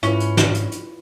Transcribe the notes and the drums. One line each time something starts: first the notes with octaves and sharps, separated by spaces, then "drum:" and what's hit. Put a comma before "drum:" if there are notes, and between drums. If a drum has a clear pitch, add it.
G#2 C#4 E4 F4 B4, drum: hi-hat
drum: hi-hat
drum: snare
drum: hi-hat
drum: hi-hat